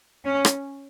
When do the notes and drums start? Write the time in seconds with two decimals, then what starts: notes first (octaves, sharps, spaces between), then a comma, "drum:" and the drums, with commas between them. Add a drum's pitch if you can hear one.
0.25 C#4
0.45 drum: rim click